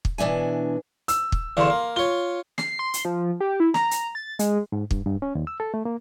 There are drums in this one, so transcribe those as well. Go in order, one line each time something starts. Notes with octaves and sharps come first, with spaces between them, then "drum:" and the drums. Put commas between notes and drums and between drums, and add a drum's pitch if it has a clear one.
drum: kick
B2 E3 D4 E4 G#5
E6, drum: hi-hat
drum: kick
E2 D3 A3 F5 C6
A#3
F4 C#5 G7
C7, drum: snare
C6
drum: hi-hat
F3
G4
E4
A#5, drum: snare
drum: hi-hat
A6
G#3, drum: hi-hat
G#2
G2, drum: kick
G2
C#4
D#2
E6
A4
A3
A#3